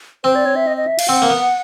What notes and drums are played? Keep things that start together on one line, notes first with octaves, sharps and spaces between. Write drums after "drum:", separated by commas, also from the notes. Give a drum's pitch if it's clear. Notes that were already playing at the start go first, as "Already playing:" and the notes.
C4 C5
D5
C#5
E5
D#5
D#5
E5
F5, drum: cymbal
C4 F#5
A#3
B3